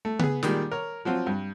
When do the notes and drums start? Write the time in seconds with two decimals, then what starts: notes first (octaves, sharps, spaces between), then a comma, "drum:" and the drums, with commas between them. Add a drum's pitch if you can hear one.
0.05 A3
0.19 B3 G#4, drum: tom C#3
0.43 A#2 D#3 G3 G#3, drum: snare
0.71 A#4 C#5
1.05 F3 F#3 C4 F4
1.27 G2